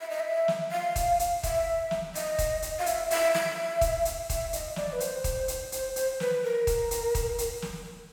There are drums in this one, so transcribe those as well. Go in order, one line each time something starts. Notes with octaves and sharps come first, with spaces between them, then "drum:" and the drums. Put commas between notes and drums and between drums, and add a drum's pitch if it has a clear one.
E5
D#5
E5
drum: snare
F5
drum: kick D#1, hi-hat
drum: hi-hat
E5, drum: kick D#1, hi-hat
drum: snare
D#5, drum: hi-hat
drum: kick D#1, hi-hat
drum: hi-hat
F5
E5, drum: hi-hat
E5, drum: hi-hat
E5, drum: snare
drum: kick D#1, hi-hat
drum: hi-hat
E5, drum: kick D#1, hi-hat
D#5, drum: hi-hat
D5, drum: snare
B4
C5, drum: hi-hat
drum: kick D#1, hi-hat
drum: hi-hat
C5, drum: hi-hat
C5, drum: hi-hat
B4, drum: snare
A#4
drum: kick D#1, hi-hat
drum: hi-hat
drum: kick D#1, hi-hat
drum: hi-hat
drum: snare